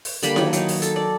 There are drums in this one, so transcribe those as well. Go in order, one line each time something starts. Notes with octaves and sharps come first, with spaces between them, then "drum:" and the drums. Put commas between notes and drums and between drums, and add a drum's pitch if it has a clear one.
drum: open hi-hat
D3 G3 A#3 B5, drum: hi-hat
D#3 F#3, drum: snare E4
F#3 D#4, drum: hi-hat
drum: open hi-hat
A4, drum: hi-hat
D5